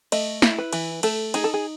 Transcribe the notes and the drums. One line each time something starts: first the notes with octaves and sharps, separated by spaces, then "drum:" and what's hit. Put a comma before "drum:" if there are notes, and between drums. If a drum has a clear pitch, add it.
A3 D#5, drum: cymbal
E4, drum: snare
B4
E3, drum: cymbal
A3 A4, drum: cymbal
D#4 G#4, drum: cymbal
A4
G#4